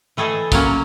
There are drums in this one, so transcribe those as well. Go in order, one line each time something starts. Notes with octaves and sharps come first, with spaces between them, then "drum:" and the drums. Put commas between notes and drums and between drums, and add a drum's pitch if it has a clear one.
E3 A3 G#4 A4 D#5
F#3 A#3 C#4, drum: kick, tambourine